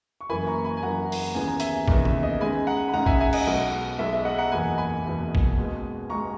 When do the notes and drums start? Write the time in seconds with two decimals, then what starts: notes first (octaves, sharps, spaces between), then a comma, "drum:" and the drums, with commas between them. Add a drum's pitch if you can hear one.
0.21 C#6
0.30 F#1 F#2 E3 A#3 G#5 B5
0.47 A#5 C#6
0.64 G#5 B5
0.77 G#5
0.83 F#1 F#2 E3 A#3 F#5 A#5
1.12 drum: open hi-hat
1.35 D#2 C#3 E3 B3 G#5
1.48 A#5
1.60 E5 G#5, drum: hi-hat
1.88 D#2 C#3 E3 B3, drum: kick
2.05 E5, drum: tom
2.23 D#5
2.40 C#2 C#3 G#3 D#4 G#5 B5
2.67 F#5 A#5
2.88 B5
2.93 C#2 C#3 G#3 D#4 F#5 A#5
3.06 E5 G#5, drum: kick
3.20 E5 G#5
3.33 D#5 F#5, drum: cymbal
3.47 B1 B2 G#3
3.99 B1 B2 G#3 E5
4.13 E5
4.25 D#5 F#5
4.38 F#5 A#5
4.51 F#1 E2 B2 G#5 B5
4.78 G#5 B5
5.04 F#1 E2 B2
5.35 drum: kick
5.58 C#2 B2 G#3
6.10 C#2 B2 G#3 A#5 C#6